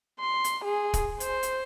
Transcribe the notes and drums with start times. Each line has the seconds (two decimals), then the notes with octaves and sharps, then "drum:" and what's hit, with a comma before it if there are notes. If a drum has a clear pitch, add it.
0.20 C6
0.44 drum: hi-hat
0.64 G#4
0.94 drum: kick, hi-hat
1.20 C5, drum: hi-hat
1.43 drum: hi-hat